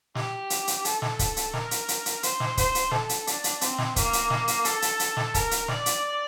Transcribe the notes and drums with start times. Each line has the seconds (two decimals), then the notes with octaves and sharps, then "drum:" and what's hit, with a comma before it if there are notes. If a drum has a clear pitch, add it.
0.15 G4, drum: snare
0.50 drum: hi-hat
0.67 drum: hi-hat
0.85 A4, drum: hi-hat
1.02 drum: snare
1.19 drum: kick, hi-hat
1.37 drum: hi-hat
1.53 A#4, drum: snare
1.71 drum: hi-hat
1.88 drum: hi-hat
2.06 drum: hi-hat
2.23 C5, drum: hi-hat
2.40 drum: snare
2.57 C5, drum: kick, hi-hat
2.75 drum: hi-hat
2.91 A4, drum: snare
3.09 drum: hi-hat
3.27 D4, drum: hi-hat
3.44 drum: hi-hat
3.61 C4, drum: hi-hat
3.78 drum: snare
3.96 A#3, drum: kick, hi-hat
4.13 drum: hi-hat
4.30 drum: snare
4.48 drum: hi-hat
4.65 A4, drum: hi-hat
4.82 drum: hi-hat
4.99 drum: hi-hat
5.17 drum: snare
5.34 A#4, drum: kick, hi-hat
5.51 drum: hi-hat
5.68 D5, drum: snare
5.86 drum: hi-hat